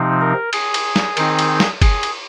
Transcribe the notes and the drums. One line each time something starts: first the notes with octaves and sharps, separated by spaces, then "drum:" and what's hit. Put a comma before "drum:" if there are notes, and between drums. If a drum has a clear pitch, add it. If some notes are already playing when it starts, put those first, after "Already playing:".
Already playing: C3 F3 C4 D#4
A#4
G#4, drum: cymbal
drum: cymbal
drum: snare
D#3 C4 D#4, drum: cymbal
drum: cymbal
drum: snare
G#4, drum: kick, cymbal
drum: cymbal